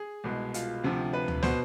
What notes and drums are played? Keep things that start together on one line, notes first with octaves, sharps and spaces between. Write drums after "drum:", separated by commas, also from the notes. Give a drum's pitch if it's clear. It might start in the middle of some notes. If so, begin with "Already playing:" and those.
Already playing: G#4
C2 B2 G#3
F4, drum: hi-hat
D2 C3 F3
B4
drum: tom D2
B2 B3 C5, drum: snare